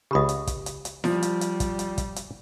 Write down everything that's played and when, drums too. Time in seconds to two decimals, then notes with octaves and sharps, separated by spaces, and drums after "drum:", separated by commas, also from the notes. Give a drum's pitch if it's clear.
0.11 C#2 C#3 G4 B5 D#6
0.29 drum: hi-hat
0.47 drum: kick, hi-hat
0.66 drum: hi-hat
0.85 drum: hi-hat
1.04 F3 G3, drum: snare E4
1.23 drum: hi-hat
1.41 drum: hi-hat
1.60 drum: kick, hi-hat
1.79 drum: hi-hat
1.98 drum: kick, hi-hat
2.16 drum: hi-hat